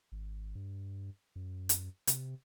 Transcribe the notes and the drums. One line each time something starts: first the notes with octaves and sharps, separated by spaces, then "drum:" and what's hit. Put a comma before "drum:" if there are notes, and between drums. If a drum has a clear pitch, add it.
G#1
G2
F#2
drum: hi-hat
C3, drum: hi-hat